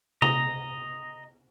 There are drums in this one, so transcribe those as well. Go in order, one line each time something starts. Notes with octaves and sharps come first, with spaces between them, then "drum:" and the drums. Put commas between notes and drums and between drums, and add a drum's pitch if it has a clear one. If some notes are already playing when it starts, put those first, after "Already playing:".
D#5 A#5, drum: tom C3